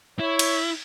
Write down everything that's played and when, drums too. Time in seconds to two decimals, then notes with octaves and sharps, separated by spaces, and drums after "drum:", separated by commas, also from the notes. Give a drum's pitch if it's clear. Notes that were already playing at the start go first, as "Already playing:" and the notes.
0.19 E4 C#5
0.39 drum: cymbal